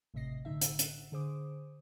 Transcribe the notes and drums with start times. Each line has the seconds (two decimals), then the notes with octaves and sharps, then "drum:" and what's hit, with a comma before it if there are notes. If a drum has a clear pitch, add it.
0.14 G#1 A2 C3 D#5 A#6 C7
0.45 A#1 A2 D3 D#4 E5
0.61 drum: hi-hat
0.79 F#5, drum: hi-hat
1.12 D3 G#4 C5 D6 D#6